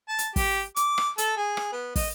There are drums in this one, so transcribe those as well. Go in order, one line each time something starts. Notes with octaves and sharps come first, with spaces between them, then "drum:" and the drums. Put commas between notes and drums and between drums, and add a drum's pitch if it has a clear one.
A5
drum: hi-hat
G4, drum: kick, open hi-hat
D6, drum: hi-hat
drum: rim click
A4, drum: hi-hat
G#4
drum: rim click
B3
D#5, drum: kick, open hi-hat